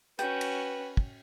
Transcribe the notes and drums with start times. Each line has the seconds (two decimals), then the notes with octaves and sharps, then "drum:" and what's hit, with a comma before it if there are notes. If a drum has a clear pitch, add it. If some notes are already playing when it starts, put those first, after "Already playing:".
0.19 C#4 F#4 B4 G5, drum: hi-hat
0.41 drum: cymbal
0.97 drum: kick